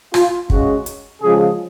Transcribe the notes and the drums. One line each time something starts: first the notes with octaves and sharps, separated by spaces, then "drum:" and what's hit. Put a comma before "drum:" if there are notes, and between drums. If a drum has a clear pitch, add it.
F4, drum: rim click
C#3 G#3 F#4, drum: kick
drum: hi-hat
C#3 F3 G#3 G#4